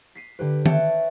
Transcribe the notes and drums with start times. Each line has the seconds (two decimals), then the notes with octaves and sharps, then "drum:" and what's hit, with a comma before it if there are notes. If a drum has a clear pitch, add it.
0.15 B6 C7 D#7
0.39 D3 G4 B4
0.66 B4 C#5 E5 F#5 G5 A5, drum: tom D#3